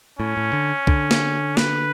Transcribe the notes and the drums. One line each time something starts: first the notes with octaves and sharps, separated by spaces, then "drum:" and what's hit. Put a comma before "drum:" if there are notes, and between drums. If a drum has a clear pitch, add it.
A2 C#4
A2
D3
D3, drum: kick
drum: snare
B4, drum: snare